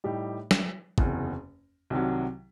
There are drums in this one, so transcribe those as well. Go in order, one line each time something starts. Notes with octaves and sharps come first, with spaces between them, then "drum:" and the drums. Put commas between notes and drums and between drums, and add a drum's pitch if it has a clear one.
A2 G3 D#4 G4
drum: snare
F#1 E2 C3, drum: kick
C2 C3 D#3 F#3